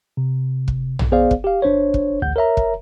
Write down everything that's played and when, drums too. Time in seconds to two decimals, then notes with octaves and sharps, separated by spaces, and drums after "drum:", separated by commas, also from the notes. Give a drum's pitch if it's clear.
0.17 C3
0.68 drum: kick
0.99 drum: tom A#1
1.12 B3 G#4 C5 D5 F5
1.31 drum: kick
1.44 G4 F5
1.62 G1 D4 C5 C#5
1.94 drum: kick
2.22 A1 D2 F#5 G6
2.36 A#4 C#5 E5 A#5
2.57 drum: kick